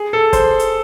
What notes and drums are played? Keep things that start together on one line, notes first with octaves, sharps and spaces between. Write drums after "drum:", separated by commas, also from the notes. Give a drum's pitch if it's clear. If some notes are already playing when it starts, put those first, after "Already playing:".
Already playing: G#4
A4
C5, drum: kick, hi-hat
drum: hi-hat